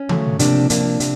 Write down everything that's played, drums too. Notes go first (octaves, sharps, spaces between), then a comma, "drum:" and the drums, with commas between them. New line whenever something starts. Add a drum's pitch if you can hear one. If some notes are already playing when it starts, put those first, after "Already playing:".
Already playing: C#4
C#3 F#3 A3, drum: tom D#3
C3 F3 A#3 D4, drum: hi-hat
C3 F3 A#3 D4, drum: hi-hat
C3, drum: hi-hat